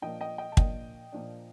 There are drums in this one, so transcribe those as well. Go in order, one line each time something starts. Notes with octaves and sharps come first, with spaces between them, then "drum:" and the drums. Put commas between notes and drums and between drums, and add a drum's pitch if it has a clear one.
A#2 F3 A#3 D4 D#5 G5
D#5 G5
D#5 G5
A5
A#2 F3 A#3 D4 D#5 G5, drum: kick
A#2 F3 A#3 D4